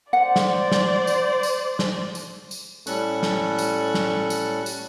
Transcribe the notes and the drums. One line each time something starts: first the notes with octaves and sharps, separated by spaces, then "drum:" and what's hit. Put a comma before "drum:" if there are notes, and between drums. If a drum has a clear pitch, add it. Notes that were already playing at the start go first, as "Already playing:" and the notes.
C5 D5 F#5
drum: snare
drum: snare
drum: tambourine
drum: tambourine
drum: snare
drum: tambourine
drum: tambourine
A2 G3 C#4 A4 C#6 F#6, drum: tambourine
drum: snare
drum: tambourine
drum: snare
drum: tambourine
drum: tambourine